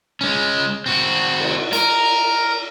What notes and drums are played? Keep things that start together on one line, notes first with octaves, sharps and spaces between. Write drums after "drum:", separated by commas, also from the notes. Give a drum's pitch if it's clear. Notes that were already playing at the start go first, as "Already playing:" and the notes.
G#3 C#4
C4 F#4
drum: cymbal
A#4, drum: hi-hat